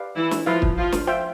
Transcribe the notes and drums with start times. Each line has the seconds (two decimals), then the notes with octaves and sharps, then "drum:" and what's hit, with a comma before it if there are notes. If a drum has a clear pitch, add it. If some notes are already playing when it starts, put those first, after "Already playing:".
Already playing: G4 B4 D5 F5
0.16 E3 E4
0.31 drum: snare
0.46 F3 E4 F4 B4 F5
0.62 drum: kick
0.77 F3 F4
0.92 drum: snare
1.07 F4 C5 E5 G5